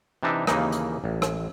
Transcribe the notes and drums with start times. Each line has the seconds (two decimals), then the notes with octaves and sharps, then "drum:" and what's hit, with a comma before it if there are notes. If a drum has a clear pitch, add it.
0.23 C3 E3 D4 D#4 D5 E5
0.47 D#2 C#3 E3 A#3 D#4, drum: rim click
0.72 drum: hi-hat
1.04 A1
1.22 drum: rim click